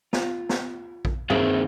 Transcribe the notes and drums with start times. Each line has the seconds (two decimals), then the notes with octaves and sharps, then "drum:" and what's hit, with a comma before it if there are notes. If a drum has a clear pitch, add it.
0.13 F4, drum: snare
0.49 drum: snare
1.05 drum: kick A#1
1.30 D#3 A#3 C4 G#4 E5 F5, drum: tom G2